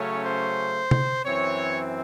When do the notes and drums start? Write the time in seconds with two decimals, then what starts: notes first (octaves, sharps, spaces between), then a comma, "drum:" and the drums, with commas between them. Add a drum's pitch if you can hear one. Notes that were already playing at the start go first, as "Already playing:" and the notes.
Already playing: C#3 F#3 A3 C#4 C#5
0.24 C5
0.91 drum: tom C3
1.25 F#2 E3 C4 C#5